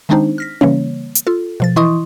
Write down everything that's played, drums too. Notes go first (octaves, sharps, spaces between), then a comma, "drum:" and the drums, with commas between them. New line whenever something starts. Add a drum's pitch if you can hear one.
D#3 G#3 C4 D4 D#4 C5
F6 A#6 B6
C#3 E3 G3 A#3 C#5, drum: tom C#4
drum: hi-hat
F4 A4
B2 F3 A6
E3 E4 D#5 C6 C#6 D#6